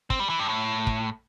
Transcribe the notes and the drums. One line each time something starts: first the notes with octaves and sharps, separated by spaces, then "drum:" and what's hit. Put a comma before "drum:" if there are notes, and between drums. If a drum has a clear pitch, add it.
C4, drum: kick
G3
E3
G2
A2
drum: kick